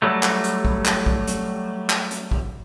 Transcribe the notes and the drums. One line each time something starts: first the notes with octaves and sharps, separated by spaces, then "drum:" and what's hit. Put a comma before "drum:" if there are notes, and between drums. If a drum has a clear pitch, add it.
F#3 G3 A3
drum: clap
drum: hi-hat
drum: kick
drum: clap
drum: kick
drum: hi-hat
drum: clap
drum: hi-hat
drum: kick